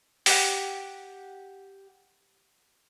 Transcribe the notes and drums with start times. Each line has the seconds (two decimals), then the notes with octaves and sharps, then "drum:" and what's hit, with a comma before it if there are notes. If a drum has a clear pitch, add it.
0.26 G4 F#5, drum: open hi-hat